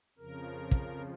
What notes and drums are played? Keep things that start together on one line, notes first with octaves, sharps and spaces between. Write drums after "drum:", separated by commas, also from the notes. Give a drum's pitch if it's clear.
F2 C#3 F3 A#4
drum: kick